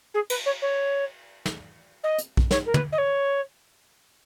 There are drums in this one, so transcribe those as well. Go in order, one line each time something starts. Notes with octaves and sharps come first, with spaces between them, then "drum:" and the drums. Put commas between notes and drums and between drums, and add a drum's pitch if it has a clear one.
G#4
B4, drum: cymbal
C#5
C#5
drum: snare
D#5
drum: hi-hat
drum: kick
C#5, drum: snare
A#4
B4, drum: tom
D#5
C#5